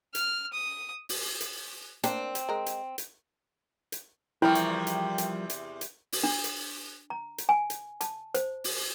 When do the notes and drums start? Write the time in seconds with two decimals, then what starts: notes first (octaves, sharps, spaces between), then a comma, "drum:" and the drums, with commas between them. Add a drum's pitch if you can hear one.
0.15 F6, drum: hi-hat
0.53 D#6
1.09 drum: open hi-hat
1.41 drum: hi-hat
2.04 A#3 C4 D4 D5, drum: hi-hat
2.35 drum: hi-hat
2.49 G#3 A#4
2.66 drum: hi-hat
2.98 drum: hi-hat
3.92 drum: hi-hat
4.42 E2 C3 E3 F3 G3 E4 A#4 G5
4.55 drum: hi-hat
4.87 drum: hi-hat
5.18 drum: hi-hat
5.50 drum: hi-hat
5.81 drum: hi-hat
6.12 drum: open hi-hat
6.23 D4
6.44 drum: hi-hat
7.10 A#5
7.38 drum: hi-hat
7.49 G#5
7.70 drum: hi-hat
8.01 A5, drum: hi-hat
8.34 C5, drum: hi-hat
8.64 drum: open hi-hat